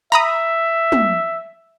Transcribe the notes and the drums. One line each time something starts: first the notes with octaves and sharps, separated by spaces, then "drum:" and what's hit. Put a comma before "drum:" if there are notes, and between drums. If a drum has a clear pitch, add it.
E5 A#5 B5 D#6
drum: tom